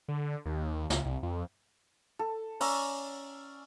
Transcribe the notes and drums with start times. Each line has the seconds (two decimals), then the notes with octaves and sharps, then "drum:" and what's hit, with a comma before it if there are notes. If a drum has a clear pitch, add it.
0.08 D3
0.46 D#2
0.90 C#2, drum: snare
1.05 C2
1.23 F2
2.19 A4
2.60 C#4 D5 A#5 E6, drum: open hi-hat